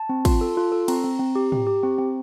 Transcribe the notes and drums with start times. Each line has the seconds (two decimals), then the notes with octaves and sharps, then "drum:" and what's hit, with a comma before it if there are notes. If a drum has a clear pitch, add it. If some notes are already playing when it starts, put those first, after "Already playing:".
Already playing: A5
0.09 C4
0.25 F4, drum: kick, cymbal
0.41 A4
0.57 F4
0.72 A4
0.88 C4 A#5, drum: cymbal
1.04 C4
1.19 C4
1.36 G4
1.52 G4, drum: tom
1.67 G4
1.83 C4
1.98 C4